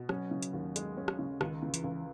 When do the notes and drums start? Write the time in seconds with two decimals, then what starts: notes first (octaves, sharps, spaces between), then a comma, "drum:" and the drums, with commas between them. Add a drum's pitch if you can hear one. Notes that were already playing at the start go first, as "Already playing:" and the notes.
Already playing: B2
0.09 F#3 C#4, drum: rim click
0.31 C#3
0.43 drum: hi-hat
0.53 D#2
0.76 G#3, drum: hi-hat
0.97 C#4
1.08 drum: rim click
1.19 C#3
1.41 C#2 D#3, drum: rim click
1.62 C#3
1.74 E3, drum: hi-hat
1.84 C#2